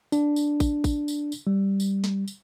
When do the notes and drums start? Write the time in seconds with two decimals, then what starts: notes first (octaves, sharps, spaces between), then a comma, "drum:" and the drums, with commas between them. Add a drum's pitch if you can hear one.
0.12 D4, drum: tambourine
0.36 drum: tambourine
0.60 drum: kick A1, tambourine
0.84 drum: kick A1, tambourine
1.08 drum: tambourine
1.32 drum: tambourine
1.47 G3
1.80 drum: tambourine
2.04 drum: snare
2.28 drum: tambourine